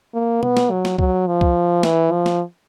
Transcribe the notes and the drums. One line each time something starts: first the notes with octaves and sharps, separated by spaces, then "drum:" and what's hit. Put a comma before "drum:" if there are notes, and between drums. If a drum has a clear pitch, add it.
A#3
B3, drum: tom B2
drum: snare
F#3
drum: snare
F#3, drum: kick C2
F3
drum: kick C2
E3, drum: snare
F3
drum: snare